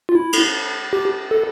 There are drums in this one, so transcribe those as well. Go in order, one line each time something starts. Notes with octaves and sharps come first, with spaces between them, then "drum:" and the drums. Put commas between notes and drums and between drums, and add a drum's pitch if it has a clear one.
F4
E4
drum: cymbal
G4
A4